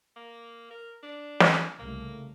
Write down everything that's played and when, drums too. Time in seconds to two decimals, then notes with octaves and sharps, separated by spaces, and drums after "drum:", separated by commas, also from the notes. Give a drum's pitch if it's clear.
0.16 A#3
0.71 A#4
1.03 D4
1.40 drum: snare
1.79 C2 C#3 A3 A#3